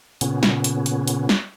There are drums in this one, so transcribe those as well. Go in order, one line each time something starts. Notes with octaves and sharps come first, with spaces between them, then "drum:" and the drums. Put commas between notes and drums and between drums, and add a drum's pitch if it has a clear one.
A#2 C#3 B3 C#4, drum: hi-hat
drum: snare
drum: hi-hat
drum: hi-hat
drum: hi-hat
drum: snare